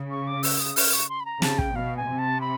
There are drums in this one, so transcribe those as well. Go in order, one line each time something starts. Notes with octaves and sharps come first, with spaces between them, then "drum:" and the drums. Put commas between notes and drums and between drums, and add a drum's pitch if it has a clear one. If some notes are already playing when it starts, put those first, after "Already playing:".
Already playing: C#3
C#6
D6
E6, drum: open hi-hat
D#6
F6, drum: open hi-hat
C#6
C6
B5
A#5
C#3 A5, drum: snare
G5, drum: kick
B2 F5
G#5
C3
A5
B5